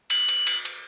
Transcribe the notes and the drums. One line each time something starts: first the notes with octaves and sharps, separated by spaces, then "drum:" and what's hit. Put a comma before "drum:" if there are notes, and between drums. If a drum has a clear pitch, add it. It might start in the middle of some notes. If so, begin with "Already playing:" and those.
F#7, drum: cymbal
drum: cymbal
drum: cymbal
drum: cymbal